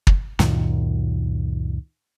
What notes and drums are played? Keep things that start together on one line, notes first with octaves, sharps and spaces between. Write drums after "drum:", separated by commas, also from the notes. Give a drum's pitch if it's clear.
drum: kick
C#2 F#2 A#2 D#3, drum: snare